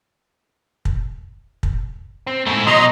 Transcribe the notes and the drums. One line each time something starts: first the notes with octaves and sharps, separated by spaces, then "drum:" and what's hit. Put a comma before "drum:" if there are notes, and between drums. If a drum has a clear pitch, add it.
drum: kick
drum: kick
C4
E2 G#2 A3 E4
B2 F#3 D#5 A#5 C6